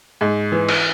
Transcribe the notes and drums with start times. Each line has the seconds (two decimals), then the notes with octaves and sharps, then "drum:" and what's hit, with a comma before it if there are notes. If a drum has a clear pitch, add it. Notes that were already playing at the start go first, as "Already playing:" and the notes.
0.21 G#2
0.52 E3
0.69 drum: cymbal